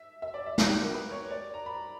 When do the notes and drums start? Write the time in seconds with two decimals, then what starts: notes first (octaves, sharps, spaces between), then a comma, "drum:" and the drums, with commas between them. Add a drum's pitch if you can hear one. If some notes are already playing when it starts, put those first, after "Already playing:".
Already playing: E5
0.22 E5
0.34 D5
0.46 E5
0.58 F#4, drum: snare
0.69 G4
0.81 A#4
0.94 B4
1.11 C#5
1.30 D5
1.54 A#5
1.66 B5